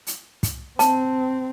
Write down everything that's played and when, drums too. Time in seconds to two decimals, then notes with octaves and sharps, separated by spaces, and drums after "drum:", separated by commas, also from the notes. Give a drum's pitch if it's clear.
0.07 drum: hi-hat
0.43 drum: kick, hi-hat
0.79 C4 A5, drum: hi-hat